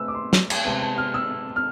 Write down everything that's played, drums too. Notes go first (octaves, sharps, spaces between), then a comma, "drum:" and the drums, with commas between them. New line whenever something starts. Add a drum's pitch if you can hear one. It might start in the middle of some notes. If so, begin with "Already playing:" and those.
Already playing: A3 C4 G#4 B4 E6
D6
C6
drum: snare
drum: cymbal
C3 G#3 B3 A5
A5
F6
E6
F6